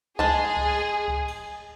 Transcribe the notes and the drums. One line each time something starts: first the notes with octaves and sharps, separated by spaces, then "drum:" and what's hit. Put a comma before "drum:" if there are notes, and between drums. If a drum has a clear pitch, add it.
G#3 G#4 A5, drum: kick C#2
drum: kick C#2
drum: kick C#2
drum: cymbal